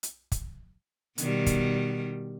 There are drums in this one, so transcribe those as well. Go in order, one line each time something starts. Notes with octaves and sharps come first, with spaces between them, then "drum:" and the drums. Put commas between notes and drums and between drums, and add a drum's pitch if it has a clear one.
drum: hi-hat
drum: kick, hi-hat
B2 D#3 G3, drum: hi-hat
drum: kick, hi-hat